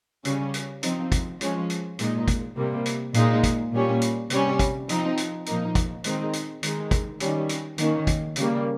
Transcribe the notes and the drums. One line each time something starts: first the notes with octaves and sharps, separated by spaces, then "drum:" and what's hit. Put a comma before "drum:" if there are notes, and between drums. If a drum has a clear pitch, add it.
C#3 G3 C#4, drum: hi-hat
drum: hi-hat
F3 C4 D#4, drum: hi-hat
drum: kick, hi-hat
F3 G#3 C#4, drum: hi-hat
drum: hi-hat
A#2 G#3 D#4, drum: hi-hat
drum: kick, hi-hat
C3 G3 A#3
drum: hi-hat
A#2 G#3 D#4, drum: hi-hat
drum: kick, hi-hat
A#2 G3 C#4
drum: hi-hat
C3 G3 C#4, drum: hi-hat
drum: kick, hi-hat
F3 C4 D#4, drum: hi-hat
drum: hi-hat
A#2 F3 A#3 D#4, drum: hi-hat
drum: kick, hi-hat
D#3 G#3 C4 D#4, drum: hi-hat
drum: hi-hat
D#3 G#3 D#4, drum: hi-hat
drum: kick, hi-hat
D#3 G3 C#4, drum: hi-hat
drum: hi-hat
D#3 A#3 C#4, drum: hi-hat
drum: kick, hi-hat
C#3 G3 A#3, drum: hi-hat